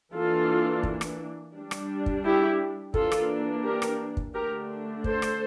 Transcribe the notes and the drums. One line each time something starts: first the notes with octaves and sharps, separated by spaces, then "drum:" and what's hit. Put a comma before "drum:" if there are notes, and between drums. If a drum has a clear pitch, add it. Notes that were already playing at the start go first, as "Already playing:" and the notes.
E3 A#3 D4 F4 A4
drum: kick
drum: rim click
G3 D4
drum: rim click
drum: kick
E4 G4
E3 A#3 D4 F4 A4, drum: kick
drum: rim click
G4 A#4
drum: rim click
drum: kick
D3 A3 D4 G4 A#4
A4 C5, drum: kick
drum: rim click